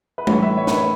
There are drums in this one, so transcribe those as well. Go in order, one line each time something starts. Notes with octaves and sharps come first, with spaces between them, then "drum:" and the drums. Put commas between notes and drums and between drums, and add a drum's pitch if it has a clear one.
B4
A2 E3 A3 C#5, drum: tom G3
B4 E5
C#5
B4, drum: snare
C#5